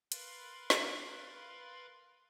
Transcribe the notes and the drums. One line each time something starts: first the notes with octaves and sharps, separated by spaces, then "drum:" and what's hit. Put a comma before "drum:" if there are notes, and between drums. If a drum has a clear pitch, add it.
A#4 B4 F5 B5 C6 A6, drum: hi-hat
drum: snare